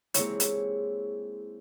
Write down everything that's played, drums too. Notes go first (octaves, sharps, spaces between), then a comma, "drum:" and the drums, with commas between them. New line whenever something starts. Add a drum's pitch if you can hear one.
G#3 A#3 C4 E4 G4 C#5, drum: hi-hat
drum: hi-hat